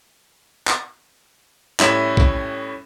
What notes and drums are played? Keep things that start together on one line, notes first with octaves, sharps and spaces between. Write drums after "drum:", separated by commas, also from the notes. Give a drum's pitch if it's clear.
drum: clap
A2 G3 C#4 E4 E5 E7, drum: clap
drum: kick